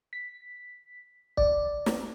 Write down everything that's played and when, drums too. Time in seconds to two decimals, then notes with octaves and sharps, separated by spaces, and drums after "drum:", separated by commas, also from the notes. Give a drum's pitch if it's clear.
0.13 B6
1.37 D5, drum: kick
1.86 drum: snare